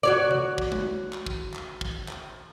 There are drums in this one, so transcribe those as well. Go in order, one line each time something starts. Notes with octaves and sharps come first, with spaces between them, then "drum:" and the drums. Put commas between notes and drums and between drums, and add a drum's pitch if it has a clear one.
F#4 C#5 D5
drum: tom C3
drum: kick
drum: tom
drum: clap
drum: kick
drum: clap
drum: kick
drum: clap